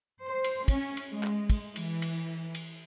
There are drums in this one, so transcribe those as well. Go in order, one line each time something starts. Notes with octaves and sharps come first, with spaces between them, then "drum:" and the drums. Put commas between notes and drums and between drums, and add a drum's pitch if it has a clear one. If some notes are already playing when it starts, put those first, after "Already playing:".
C5
drum: cymbal
C#4, drum: kick, cymbal
drum: cymbal
G#3
drum: clap
drum: kick, cymbal
E3, drum: cymbal
drum: cymbal
drum: cymbal